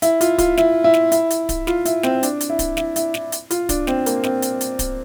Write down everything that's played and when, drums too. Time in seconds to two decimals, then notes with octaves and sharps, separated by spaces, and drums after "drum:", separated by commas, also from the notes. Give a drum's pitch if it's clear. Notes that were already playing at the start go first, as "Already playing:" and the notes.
0.02 E4, drum: hi-hat
0.21 F4, drum: hi-hat
0.38 F4, drum: kick D1, hi-hat
0.58 E4, drum: snare
0.84 E4
0.94 drum: snare
1.12 E4, drum: hi-hat
1.30 drum: hi-hat
1.49 drum: kick D1, hi-hat
1.67 F4, drum: snare
1.85 E4, drum: hi-hat
2.03 C4, drum: snare
2.23 D4, drum: hi-hat
2.40 drum: hi-hat
2.50 E4
2.59 drum: kick D1, hi-hat
2.77 E4, drum: snare
2.96 E4, drum: hi-hat
3.14 E4, drum: snare
3.32 drum: hi-hat
3.51 F4, drum: hi-hat
3.69 D4, drum: kick D1, hi-hat
3.87 C4, drum: snare
4.06 A#3, drum: hi-hat
4.24 C4, drum: snare
4.42 drum: hi-hat
4.61 drum: hi-hat
4.79 drum: kick D1, hi-hat